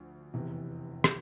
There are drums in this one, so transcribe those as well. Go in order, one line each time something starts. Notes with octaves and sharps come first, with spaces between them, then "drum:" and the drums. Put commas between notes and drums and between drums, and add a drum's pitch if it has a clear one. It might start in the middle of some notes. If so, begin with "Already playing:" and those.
Already playing: D2 D3 F3
F1 E2 C3 E3
G6, drum: rim click